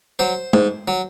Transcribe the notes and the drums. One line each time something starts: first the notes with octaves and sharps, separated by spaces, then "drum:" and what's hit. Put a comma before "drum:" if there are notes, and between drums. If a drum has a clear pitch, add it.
F#3 C5
G#2, drum: tom G#3
F#3